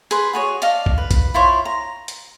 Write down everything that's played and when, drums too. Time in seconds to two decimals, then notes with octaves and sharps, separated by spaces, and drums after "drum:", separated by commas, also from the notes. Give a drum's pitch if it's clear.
0.11 G#4 B4 C5, drum: hi-hat
0.33 F#4 G#4 C#5
0.62 D5 D#5 F5 A5, drum: hi-hat
0.86 drum: kick A#1
0.98 B4
1.11 drum: kick A#1, hi-hat
1.34 E4 F4 C5 C#5
1.65 A#5
2.08 drum: hi-hat